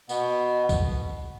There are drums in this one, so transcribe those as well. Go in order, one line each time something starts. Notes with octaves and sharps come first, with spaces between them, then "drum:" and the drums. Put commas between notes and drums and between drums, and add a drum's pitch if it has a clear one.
B2 B3, drum: tambourine
drum: kick B1, tambourine